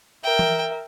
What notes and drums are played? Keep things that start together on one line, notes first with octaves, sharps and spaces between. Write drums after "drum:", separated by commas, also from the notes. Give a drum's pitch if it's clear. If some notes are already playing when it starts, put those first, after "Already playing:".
A#4 E5 G5
drum: tom E3